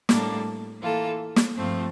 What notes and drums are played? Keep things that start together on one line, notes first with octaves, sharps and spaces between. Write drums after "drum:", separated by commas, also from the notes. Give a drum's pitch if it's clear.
A2 G3 A#3 D4 A4, drum: snare
E3 A#3 F4 A4
drum: snare
G2 F3 A3 C4 F4